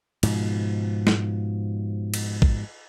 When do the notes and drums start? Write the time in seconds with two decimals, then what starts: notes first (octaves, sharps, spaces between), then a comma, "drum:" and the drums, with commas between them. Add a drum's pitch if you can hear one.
0.23 G#2 B2 F3, drum: cymbal
1.07 drum: snare
2.14 drum: cymbal
2.42 drum: kick A1